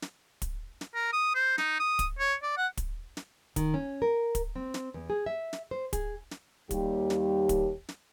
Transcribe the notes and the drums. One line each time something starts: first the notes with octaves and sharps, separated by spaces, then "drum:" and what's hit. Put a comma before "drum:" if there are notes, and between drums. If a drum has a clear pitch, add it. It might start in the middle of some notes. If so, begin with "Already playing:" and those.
drum: snare
drum: kick, hi-hat
drum: snare
A#4
D#6
C5
D#4, drum: snare
D#6
drum: kick, hi-hat
C#5
D5
F#5
drum: kick, hi-hat
drum: snare
D#3, drum: kick, hi-hat
C#4
A#4
drum: kick, hi-hat
C4
drum: snare
E2
G#4
E5
drum: snare
C5
G#4, drum: kick, hi-hat
drum: snare
D#2 G3 G4, drum: kick, hi-hat
drum: snare
drum: kick, hi-hat
drum: snare